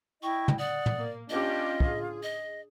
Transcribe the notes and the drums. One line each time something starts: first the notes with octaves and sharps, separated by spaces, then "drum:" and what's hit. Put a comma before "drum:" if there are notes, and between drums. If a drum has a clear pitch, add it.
E4 D#5 G5 C#6
drum: tom
D5 F#5 D#6
drum: tom
A#3
C#4 D4 F4 G4 D#5
G#4, drum: kick
D#5